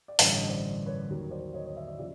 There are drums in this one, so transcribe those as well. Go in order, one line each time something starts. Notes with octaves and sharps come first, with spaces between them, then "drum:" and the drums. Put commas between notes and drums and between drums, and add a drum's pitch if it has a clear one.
D5
A1 G2 D3 B4 C#5, drum: open hi-hat
C#5 D#5
C5 D5
B4 C#5
D#2 D#3 F#3
C5 D5
C#5 D#5
C#5 D#5
D5 E5
D5 E5
C#3 F3 D5 E5